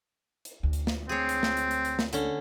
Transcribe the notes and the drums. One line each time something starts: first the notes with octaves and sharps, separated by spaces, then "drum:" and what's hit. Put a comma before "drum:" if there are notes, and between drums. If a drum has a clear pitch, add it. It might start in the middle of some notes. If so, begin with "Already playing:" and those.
drum: hi-hat
D2
drum: hi-hat
drum: snare
C4 G#4 C#5
drum: hi-hat
drum: snare
drum: hi-hat
drum: hi-hat
drum: hi-hat
drum: snare
D3 C#4, drum: hi-hat